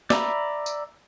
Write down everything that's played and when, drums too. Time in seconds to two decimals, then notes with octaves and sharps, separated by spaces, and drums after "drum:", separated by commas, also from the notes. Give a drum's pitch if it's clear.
0.10 D5 E5 A#5 B5, drum: snare
0.66 drum: tambourine